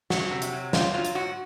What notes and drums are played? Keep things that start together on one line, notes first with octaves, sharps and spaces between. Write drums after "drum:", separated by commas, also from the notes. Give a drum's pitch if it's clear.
F#3 F#4, drum: snare
C3
drum: hi-hat
F#3
C4 F4, drum: snare
F#3 F4
drum: hi-hat
G#2 F#4